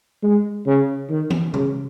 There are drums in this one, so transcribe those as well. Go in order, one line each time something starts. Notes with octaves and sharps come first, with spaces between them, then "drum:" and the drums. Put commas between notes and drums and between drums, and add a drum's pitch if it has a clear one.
G#3
C#3
D#3
drum: tom E3
C#3, drum: tom B2